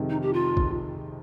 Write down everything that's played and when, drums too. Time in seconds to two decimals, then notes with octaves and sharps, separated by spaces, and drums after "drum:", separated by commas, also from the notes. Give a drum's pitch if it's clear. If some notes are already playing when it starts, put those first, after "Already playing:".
Already playing: F2 C3 D#3 G#3
0.10 D#4
0.22 G4
0.33 F4
0.57 drum: kick